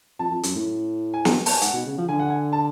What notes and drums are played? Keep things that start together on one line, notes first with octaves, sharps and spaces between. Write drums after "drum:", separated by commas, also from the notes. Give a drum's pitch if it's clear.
F2 A5
F2
F#2, drum: hi-hat
A2
G#5
drum: snare
A5, drum: open hi-hat
G#5
G#2 F#5, drum: hi-hat
B2
C#3
F3
D3 G#5
F#5
G#5
A5